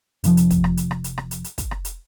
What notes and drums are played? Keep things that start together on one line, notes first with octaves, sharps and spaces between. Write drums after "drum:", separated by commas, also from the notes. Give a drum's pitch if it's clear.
F1 F2 F3, drum: hi-hat
drum: hi-hat
drum: kick, hi-hat
drum: rim click
drum: hi-hat
drum: rim click
drum: hi-hat
drum: rim click
drum: hi-hat
drum: hi-hat
drum: kick, hi-hat
drum: rim click
drum: hi-hat